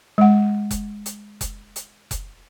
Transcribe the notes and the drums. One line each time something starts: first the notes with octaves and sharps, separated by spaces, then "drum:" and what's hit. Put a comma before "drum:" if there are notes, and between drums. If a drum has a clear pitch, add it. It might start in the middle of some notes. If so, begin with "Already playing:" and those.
G#3 F#5
drum: kick F1, hi-hat
drum: hi-hat
drum: kick F1, hi-hat
drum: hi-hat
drum: kick F1, hi-hat